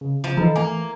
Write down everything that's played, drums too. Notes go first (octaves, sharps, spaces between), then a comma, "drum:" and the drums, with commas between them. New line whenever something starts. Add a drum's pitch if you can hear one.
C#3
F3
D#4 A4 A#5 B5, drum: tom D#3
E3 A3 A#3 G#5 A#5